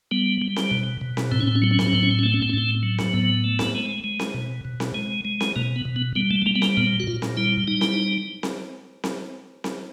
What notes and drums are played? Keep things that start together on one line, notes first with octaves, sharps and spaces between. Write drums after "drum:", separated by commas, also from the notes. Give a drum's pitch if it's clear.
G3 B3
G3
drum: snare C4
B2
B2
drum: snare C4
A2 C4
C#4
C4
C#4
F#3 C4
C#4
C4, drum: snare C4
C#4
A2 C4
C#4
C4
C#4
A3 C4
C#4
C4
C#4
A2 C4
F#3
drum: snare C4
A2 B3
A3
drum: snare C4
G#3
G#3
drum: snare C4
B2
B2
drum: snare C4
G#3
G#3
drum: snare C4
B2 A#3
B3
B2
B3
G3 B3
A3
A3
G3 A#3
B3
A#3, drum: snare C4
A#2 B3
F#4
A#2 F4
drum: snare C4
G3 E4
G3 D#4
E4, drum: snare C4
D#4
drum: snare C4
drum: snare C4
drum: snare C4